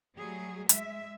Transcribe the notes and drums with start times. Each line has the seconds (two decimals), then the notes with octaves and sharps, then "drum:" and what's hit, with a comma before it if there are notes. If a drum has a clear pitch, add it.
0.16 F#3 G3 A3 G#4
0.69 G#3 E5, drum: hi-hat